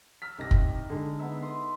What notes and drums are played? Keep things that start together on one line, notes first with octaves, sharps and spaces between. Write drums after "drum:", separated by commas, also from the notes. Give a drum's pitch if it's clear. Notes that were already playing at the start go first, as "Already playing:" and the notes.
E6 F6 B6
C2 C3 D#4 A#6
drum: kick
D3 G#3
B3 D#4 E5
C6 D#6